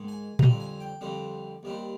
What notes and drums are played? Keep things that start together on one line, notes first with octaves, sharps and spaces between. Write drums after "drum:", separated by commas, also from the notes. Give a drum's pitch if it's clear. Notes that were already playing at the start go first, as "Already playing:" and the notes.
Already playing: G#2 D#3 G#3
G#5
F2 D3 G3 C4 A#5, drum: tom A#2
G#5
G5
F2 D3 G3 C4
D#2 D#3 G3 C4